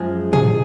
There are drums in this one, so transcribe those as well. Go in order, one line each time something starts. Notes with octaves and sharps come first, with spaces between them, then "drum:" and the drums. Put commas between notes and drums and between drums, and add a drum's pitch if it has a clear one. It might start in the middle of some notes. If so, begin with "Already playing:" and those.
Already playing: F#2 F3 G#3 G#4
G#4, drum: tom